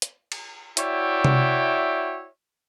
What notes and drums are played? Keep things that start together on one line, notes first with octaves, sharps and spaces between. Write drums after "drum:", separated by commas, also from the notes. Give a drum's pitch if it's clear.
drum: hi-hat
drum: cymbal
E4 F#4 C#5 D5 E5 G5, drum: hi-hat
drum: tom C3